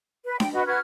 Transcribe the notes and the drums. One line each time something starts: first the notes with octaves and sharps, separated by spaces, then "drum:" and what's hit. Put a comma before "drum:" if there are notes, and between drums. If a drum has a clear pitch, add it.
B4
G5, drum: snare D4
F#4 B4 D#5
F#4 B4 F6 G#6